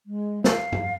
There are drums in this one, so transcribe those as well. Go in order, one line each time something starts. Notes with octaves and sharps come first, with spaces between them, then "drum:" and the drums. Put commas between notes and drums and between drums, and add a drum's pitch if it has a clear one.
G#3
F5, drum: snare
drum: tom G2